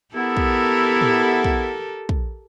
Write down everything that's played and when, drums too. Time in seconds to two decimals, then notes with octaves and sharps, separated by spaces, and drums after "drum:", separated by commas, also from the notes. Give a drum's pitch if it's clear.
0.15 B3 E4 G4 A4 A#4
0.37 drum: kick
1.01 drum: tom A2
1.44 drum: kick
2.09 drum: kick